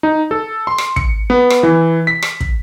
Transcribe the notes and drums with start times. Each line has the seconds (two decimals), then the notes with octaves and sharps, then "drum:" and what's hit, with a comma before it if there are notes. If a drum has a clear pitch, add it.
0.03 D#4
0.31 A4
0.67 C6
0.78 drum: rim click
0.96 C#7, drum: kick
1.30 B3
1.50 drum: rim click
1.63 E3
2.07 B6
2.22 drum: rim click
2.40 drum: kick